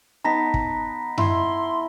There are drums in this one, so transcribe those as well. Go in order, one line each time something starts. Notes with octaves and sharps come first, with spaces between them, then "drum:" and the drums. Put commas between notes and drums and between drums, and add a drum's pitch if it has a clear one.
B3 D#4 A5 A#5 A#6 B6
drum: kick
E4 C6, drum: tom F#2